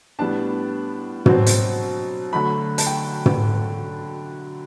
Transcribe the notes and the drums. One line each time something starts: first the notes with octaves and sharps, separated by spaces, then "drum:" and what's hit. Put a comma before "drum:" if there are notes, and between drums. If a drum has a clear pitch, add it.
A2 G3 B3 D4 A5
B2 F#3 C4, drum: tom
drum: hi-hat
D3 F#3 A3 B5
A5, drum: hi-hat
G5
drum: tom